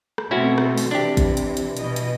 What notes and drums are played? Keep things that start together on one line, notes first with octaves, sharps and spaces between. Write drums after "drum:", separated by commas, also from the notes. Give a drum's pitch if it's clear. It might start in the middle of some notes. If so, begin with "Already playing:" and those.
drum: rim click
B2 A3 C4 C#4 E4 F#4
drum: rim click
drum: open hi-hat
C3 E3 D4 G4
drum: kick, hi-hat
drum: hi-hat
drum: hi-hat
B2 E3 D#5, drum: hi-hat
drum: hi-hat